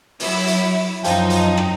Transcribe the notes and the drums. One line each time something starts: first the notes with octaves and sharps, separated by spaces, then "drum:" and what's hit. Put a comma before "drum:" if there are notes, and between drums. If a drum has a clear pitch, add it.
F#3 E4, drum: open hi-hat
drum: hi-hat
F#2 F3 D#4 G5, drum: hi-hat
drum: hi-hat
drum: rim click